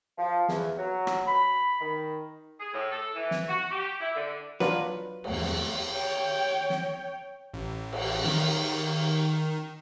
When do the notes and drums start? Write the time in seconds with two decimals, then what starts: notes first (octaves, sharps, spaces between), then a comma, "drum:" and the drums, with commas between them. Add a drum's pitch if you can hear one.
0.18 F3
0.48 E2, drum: snare
0.77 F#3
1.07 drum: rim click
1.27 B5
1.80 D#3
2.60 G#4
2.73 A2
2.91 A4
3.15 E3
3.31 drum: snare
3.49 F#4
3.70 G4
4.00 E4
4.15 D3
4.60 F#3 D4 F4 B4, drum: snare
5.24 E2 A3, drum: cymbal
5.44 drum: snare
5.90 C#5 G5
6.70 drum: snare
7.54 A1
7.93 drum: cymbal
8.25 D#3, drum: snare